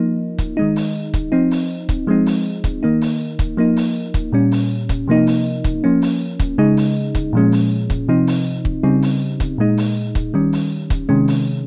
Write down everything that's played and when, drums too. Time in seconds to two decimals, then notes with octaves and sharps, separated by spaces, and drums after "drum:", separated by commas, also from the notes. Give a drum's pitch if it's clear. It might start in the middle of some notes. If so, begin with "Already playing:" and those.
Already playing: F3 A#3 D#4
0.38 drum: kick, hi-hat
0.57 D#3 G#3 D#4
0.76 drum: open hi-hat
1.14 drum: kick, hi-hat
1.32 F3 C4 D#4
1.51 drum: open hi-hat
1.89 drum: kick, hi-hat
2.07 F3 G#3 C4 D#4
2.26 drum: open hi-hat
2.64 drum: kick, hi-hat
2.83 D#3 A#3 D#4
3.01 drum: open hi-hat
3.39 drum: kick, hi-hat
3.57 F3 A#3 D#4
3.77 drum: open hi-hat
4.14 drum: kick, hi-hat
4.32 A#2 G3 C#4
4.52 drum: open hi-hat
4.89 drum: kick, hi-hat
5.07 C3 F3 A#3 D#4
5.27 drum: open hi-hat
5.64 drum: kick, hi-hat
5.84 F3 A#3 C#4
6.02 drum: open hi-hat
6.39 drum: kick, hi-hat
6.58 C#3 G#3 D#4
6.77 drum: open hi-hat
7.15 drum: kick, hi-hat
7.33 A#2 F3 G#3 C#4
7.52 drum: open hi-hat
7.90 drum: kick, hi-hat
8.08 C3 F3 C4 D#4
8.27 drum: open hi-hat
8.65 drum: kick
8.83 C#3 G3 C4 D#4
9.02 drum: open hi-hat
9.40 drum: kick, hi-hat
9.58 A#2 G#3 D#4
9.78 drum: open hi-hat
10.15 drum: kick, hi-hat
10.34 D#3 G3 C#4
10.53 drum: open hi-hat
10.90 drum: kick, hi-hat
11.09 C3 D#3 G#3 C#4
11.28 drum: open hi-hat